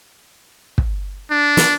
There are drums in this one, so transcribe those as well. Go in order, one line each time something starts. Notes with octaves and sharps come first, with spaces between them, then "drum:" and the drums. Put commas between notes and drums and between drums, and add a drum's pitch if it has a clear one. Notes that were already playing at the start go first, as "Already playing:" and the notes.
drum: kick
D4
drum: snare